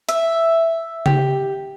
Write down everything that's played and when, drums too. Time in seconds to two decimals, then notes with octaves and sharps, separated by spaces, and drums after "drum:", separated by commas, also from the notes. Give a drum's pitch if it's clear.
0.09 E5, drum: hi-hat
1.06 G4, drum: tom C#3